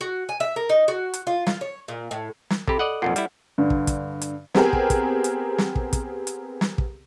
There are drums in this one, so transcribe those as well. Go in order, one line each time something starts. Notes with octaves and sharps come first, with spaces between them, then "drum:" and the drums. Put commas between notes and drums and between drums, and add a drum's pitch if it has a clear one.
F#4
G#5
E5
A#4
D#4
F#4
drum: hi-hat
F4
F4, drum: snare
C#5
A#2
A2
drum: snare
C3 G4 A4 B5, drum: kick
D5 D#5 F#5
B1 F2 A#2 F#5 C7
G3 E4, drum: hi-hat
G2 D3
drum: kick
drum: kick, hi-hat
drum: hi-hat
B3 C4 G4 G#4 A#4, drum: snare
drum: kick
drum: kick, hi-hat
drum: hi-hat
drum: snare
drum: kick
drum: kick, hi-hat
drum: hi-hat
drum: snare
drum: kick